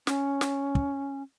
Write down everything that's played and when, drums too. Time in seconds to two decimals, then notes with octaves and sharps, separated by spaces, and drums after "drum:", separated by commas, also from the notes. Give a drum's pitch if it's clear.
0.07 C#4, drum: snare
0.41 drum: snare
0.75 drum: kick